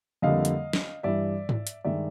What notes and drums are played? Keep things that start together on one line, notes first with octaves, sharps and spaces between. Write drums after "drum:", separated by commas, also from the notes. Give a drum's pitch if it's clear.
F2 D3 G3 A#3 D#5 F5
drum: hi-hat
drum: snare
G2 E3 G3 D5 E5
drum: tom G#2
drum: hi-hat
G2 D#3 G#3 D5 E5